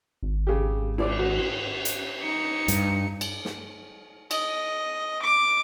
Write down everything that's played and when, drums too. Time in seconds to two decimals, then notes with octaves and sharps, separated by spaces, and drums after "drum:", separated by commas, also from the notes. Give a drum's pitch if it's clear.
0.23 G#1
0.47 C#3 G4
0.98 E4 D5 D6, drum: cymbal
1.19 F#4
1.85 drum: hi-hat
2.22 D#4 C#7
2.68 G2, drum: hi-hat
3.21 drum: cymbal
3.45 drum: snare
4.31 D#5, drum: cymbal
5.22 D6